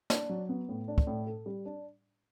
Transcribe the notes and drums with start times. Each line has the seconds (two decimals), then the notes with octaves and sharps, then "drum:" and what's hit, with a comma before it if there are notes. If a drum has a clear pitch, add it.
0.10 D4, drum: snare
0.29 F#3
0.49 B3
0.69 A2
0.88 D4
0.98 drum: kick
1.07 A2
1.27 A4
1.46 G3
1.65 D4